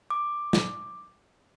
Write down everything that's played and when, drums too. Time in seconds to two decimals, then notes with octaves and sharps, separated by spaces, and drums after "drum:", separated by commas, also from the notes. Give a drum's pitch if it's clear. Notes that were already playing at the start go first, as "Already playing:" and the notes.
0.10 D6
0.53 drum: snare